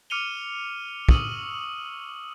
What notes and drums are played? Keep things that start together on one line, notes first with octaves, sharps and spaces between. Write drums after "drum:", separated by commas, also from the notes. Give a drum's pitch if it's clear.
D6 F6 C#7 D#7 F7 G7
C#6 D#6 E6 D#7 F#7, drum: kick